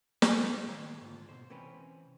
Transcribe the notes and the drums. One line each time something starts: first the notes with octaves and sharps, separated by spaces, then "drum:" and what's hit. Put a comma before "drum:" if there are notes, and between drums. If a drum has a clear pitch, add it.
A#2 E3 F#3 G#4, drum: snare
A2 D#3 C#5 F5
G#2 D3 F4
B2 C5
C3 E3 C4 C#4 A#4 B4